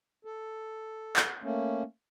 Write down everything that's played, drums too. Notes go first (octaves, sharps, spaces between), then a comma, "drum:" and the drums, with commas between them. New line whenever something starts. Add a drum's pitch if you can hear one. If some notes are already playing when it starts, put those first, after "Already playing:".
A4
drum: clap
A3 A#3 C#4